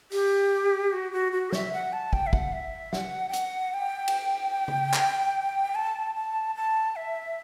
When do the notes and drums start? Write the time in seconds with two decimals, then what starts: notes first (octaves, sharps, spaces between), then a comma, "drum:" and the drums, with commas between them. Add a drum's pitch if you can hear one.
0.12 G4, drum: open hi-hat
0.93 F#4
1.12 F#4
1.32 F#4
1.52 E5, drum: snare
1.73 F#5
1.93 A5
2.13 G5, drum: kick
2.26 E5
2.33 F#5, drum: kick
2.53 E5
2.93 F#5, drum: snare
3.29 G5
3.33 F#5, drum: hi-hat
3.74 G5
4.08 drum: cymbal
4.68 drum: tom C#3
4.93 drum: clap
5.75 A5
6.15 A5
6.55 A5
6.96 E5